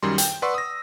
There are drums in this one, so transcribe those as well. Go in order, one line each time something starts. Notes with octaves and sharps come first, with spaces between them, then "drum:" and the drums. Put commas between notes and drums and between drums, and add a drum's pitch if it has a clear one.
F#2 D#3 G3 C6
G5, drum: hi-hat
B4 D5 F#5 C6 C#6 E6
D#6 A#6